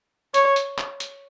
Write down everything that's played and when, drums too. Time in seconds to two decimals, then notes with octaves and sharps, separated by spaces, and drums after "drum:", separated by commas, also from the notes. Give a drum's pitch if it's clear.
0.34 C#5, drum: hi-hat
0.56 drum: hi-hat
0.78 drum: clap
1.00 drum: hi-hat